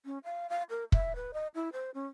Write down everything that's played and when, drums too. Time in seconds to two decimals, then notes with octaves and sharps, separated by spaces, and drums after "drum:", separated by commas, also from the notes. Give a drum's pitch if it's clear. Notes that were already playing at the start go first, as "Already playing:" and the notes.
0.05 C#4
0.24 F5
0.49 F5
0.70 A#4
0.92 E5, drum: kick
1.16 B4
1.33 D#5
1.55 E4
1.73 C5
1.94 C#4